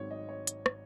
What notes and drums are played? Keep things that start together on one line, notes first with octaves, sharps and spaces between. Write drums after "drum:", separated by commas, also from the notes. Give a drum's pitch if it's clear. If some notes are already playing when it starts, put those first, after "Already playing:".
Already playing: G#1 G#2 F#3 C4 C#5
D#5
C#5
drum: hi-hat
drum: rim click